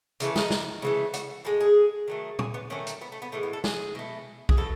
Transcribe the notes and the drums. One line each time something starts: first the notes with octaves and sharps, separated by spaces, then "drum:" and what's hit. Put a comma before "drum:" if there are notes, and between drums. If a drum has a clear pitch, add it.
C#3 E3 A3, drum: hi-hat
D#4, drum: snare
drum: snare
C#3 E3 A3
F#4, drum: hi-hat
A2 G#3 G#4
G#4
D#3 F#3 A3
G#4, drum: tom
B3
D#3 F#3 A3 C#4
drum: hi-hat
B3
A3
B3
A2 E3 G#3 A3
B3
A4
G#4, drum: snare
B2 A3
G#4, drum: kick B1
B2 F#3 A4